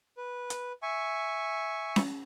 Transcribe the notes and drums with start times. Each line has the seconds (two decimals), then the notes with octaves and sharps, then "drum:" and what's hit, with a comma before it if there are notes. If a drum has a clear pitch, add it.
0.17 B4
0.50 drum: hi-hat
0.83 E5 G#5 C#6
1.96 drum: snare C#4